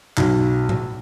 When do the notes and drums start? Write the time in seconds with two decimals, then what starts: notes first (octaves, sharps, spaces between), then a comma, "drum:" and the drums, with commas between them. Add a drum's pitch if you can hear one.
0.17 B1, drum: clap
0.69 drum: tom A2